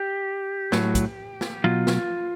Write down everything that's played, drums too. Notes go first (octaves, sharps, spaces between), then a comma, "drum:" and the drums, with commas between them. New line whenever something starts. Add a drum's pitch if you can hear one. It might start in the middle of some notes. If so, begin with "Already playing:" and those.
Already playing: G4
A2 F#3, drum: snare
drum: kick, hi-hat
drum: snare
B2 F#3 F4
drum: snare